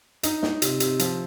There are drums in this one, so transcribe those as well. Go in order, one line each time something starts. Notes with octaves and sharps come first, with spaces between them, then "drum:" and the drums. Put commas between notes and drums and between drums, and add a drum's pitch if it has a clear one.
D#4, drum: hi-hat
D#4, drum: snare
C3, drum: hi-hat
C3, drum: hi-hat
F3, drum: hi-hat